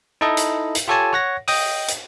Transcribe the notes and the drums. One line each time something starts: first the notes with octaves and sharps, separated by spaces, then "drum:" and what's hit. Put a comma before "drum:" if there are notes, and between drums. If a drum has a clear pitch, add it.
D#4 E4 A4 D#5
drum: hi-hat
drum: hi-hat
F4 G4 A4 C#5 G#5 A5
C#5 F#5 A#6
D#5 G5 D#6, drum: open hi-hat
drum: hi-hat